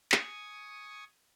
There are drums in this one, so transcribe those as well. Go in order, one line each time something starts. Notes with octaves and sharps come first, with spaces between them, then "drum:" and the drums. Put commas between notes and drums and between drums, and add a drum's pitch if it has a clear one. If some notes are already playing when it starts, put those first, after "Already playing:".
G#5 C#6 D#6, drum: clap